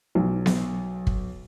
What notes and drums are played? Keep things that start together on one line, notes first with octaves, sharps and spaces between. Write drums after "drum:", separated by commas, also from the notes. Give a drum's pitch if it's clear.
B1
drum: snare B3
drum: kick